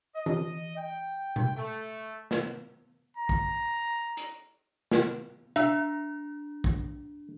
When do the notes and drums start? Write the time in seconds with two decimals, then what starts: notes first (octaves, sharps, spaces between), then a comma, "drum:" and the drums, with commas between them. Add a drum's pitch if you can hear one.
0.15 D#5
0.26 drum: tom E3
0.76 G5
1.36 drum: tom A#2
1.56 A3
2.31 drum: snare
3.17 A#5
3.29 drum: kick
4.17 drum: hi-hat
4.91 drum: snare
5.56 D4 E5, drum: hi-hat
6.64 drum: kick